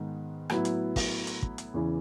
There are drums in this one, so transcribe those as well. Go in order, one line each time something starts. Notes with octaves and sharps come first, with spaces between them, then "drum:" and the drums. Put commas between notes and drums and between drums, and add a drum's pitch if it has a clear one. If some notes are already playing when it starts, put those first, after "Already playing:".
Already playing: G#2 D#3 G#3 B3
A2 F#3 B3 E4, drum: rim click
drum: hi-hat
drum: kick, open hi-hat
drum: hi-hat
drum: kick
drum: hi-hat
E2 C#3 E3